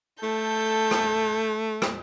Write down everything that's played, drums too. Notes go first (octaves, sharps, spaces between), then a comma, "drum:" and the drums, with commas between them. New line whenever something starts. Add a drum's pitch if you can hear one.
A3 A4 G6
drum: rim click
drum: rim click